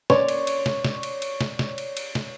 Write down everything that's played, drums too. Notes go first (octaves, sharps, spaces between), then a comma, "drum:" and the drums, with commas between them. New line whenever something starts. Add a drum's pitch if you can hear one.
C#5 D5, drum: snare
drum: cymbal
drum: cymbal
drum: snare
drum: snare
drum: cymbal
drum: cymbal
drum: snare
drum: snare
drum: cymbal
drum: cymbal
drum: snare